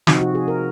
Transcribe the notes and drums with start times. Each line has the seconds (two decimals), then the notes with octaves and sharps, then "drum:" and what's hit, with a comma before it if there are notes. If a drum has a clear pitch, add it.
0.07 C3 F3 C4 D#4 F#4, drum: snare
0.20 F#4
0.35 G#4
0.48 A#4